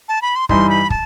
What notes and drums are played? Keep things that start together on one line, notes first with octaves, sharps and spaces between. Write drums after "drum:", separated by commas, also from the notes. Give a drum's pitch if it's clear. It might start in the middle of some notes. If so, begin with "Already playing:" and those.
A5
B5
C6
G2 E3 G3 D#4 C6, drum: kick
B5
A5, drum: kick